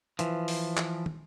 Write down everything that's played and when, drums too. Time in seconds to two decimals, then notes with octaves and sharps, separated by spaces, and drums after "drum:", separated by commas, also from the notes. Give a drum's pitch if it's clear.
0.19 E3 F3, drum: hi-hat
0.48 drum: open hi-hat
0.77 drum: clap
1.06 drum: tom